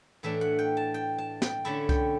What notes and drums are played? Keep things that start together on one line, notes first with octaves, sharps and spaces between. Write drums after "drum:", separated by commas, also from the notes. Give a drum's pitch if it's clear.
A2 E3 A3 D4 E5
F#5
G5
A5
G5
A5
G5, drum: snare
D3 A3 C#4 E4 A5
G5, drum: kick C2